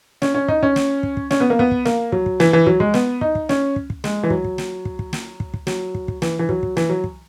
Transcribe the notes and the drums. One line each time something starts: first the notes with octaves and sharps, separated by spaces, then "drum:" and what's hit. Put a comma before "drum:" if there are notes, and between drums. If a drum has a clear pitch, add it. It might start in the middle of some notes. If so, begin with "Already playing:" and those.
C#4, drum: snare
C#4
D#4, drum: kick
C#4, drum: kick
drum: snare
drum: kick
drum: kick
C#4, drum: snare
B3
A#3
B3, drum: kick
drum: kick
A#3, drum: snare
F#3, drum: kick
drum: kick
E3, drum: snare
E3
F#3, drum: kick
G#3, drum: kick
B3, drum: snare
D#4, drum: kick
drum: kick
C#4, drum: snare
drum: kick
drum: kick
G#3, drum: snare
E3
F#3, drum: kick
drum: kick
drum: snare
drum: kick
drum: kick
drum: snare
drum: kick
drum: kick
F#3, drum: snare
drum: kick
drum: kick
E3, drum: snare
E3
F#3, drum: kick
drum: kick
E3, drum: snare
F#3
drum: kick